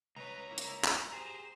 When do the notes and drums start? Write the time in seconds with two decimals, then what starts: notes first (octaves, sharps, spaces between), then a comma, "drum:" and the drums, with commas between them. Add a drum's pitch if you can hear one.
0.16 C#2 B4 C#5 A#5
0.48 A#3 E4
0.58 drum: hi-hat
0.84 drum: clap
1.12 G4 G#4 C5